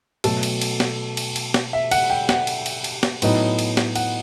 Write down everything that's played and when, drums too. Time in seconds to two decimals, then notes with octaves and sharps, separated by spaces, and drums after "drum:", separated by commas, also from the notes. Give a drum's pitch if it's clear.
0.24 B2 F#3 A3 A4, drum: cymbal
0.43 drum: cymbal
0.61 drum: cymbal
0.80 drum: snare
1.17 drum: cymbal
1.36 drum: cymbal
1.54 drum: snare
1.73 E5
1.91 F#5, drum: cymbal
2.10 G5
2.29 F#5, drum: snare
2.47 drum: cymbal
2.66 drum: cymbal
2.84 drum: cymbal
3.03 drum: snare
3.22 A2 F#3 B3 D#4, drum: cymbal
3.59 drum: cymbal
3.77 drum: snare
3.95 F#5, drum: cymbal